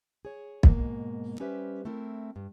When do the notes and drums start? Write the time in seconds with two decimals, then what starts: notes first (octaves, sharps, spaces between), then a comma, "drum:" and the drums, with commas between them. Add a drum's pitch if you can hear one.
0.25 G#4 C#5
0.63 G#2 B2 G#3 A#3, drum: kick
1.40 G3 C#4 G4 B4 C5 E5
1.85 A3 C4 E4 A#4
2.36 G2